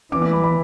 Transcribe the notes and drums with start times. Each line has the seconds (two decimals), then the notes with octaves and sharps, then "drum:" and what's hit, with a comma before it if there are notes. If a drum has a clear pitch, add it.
0.12 E3 D6, drum: tom
0.22 D6
0.33 B5
0.44 B5